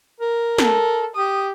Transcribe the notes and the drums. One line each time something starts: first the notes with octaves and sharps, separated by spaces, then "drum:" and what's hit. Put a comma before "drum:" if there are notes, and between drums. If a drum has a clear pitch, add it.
A#4
A4, drum: snare
G4 D#6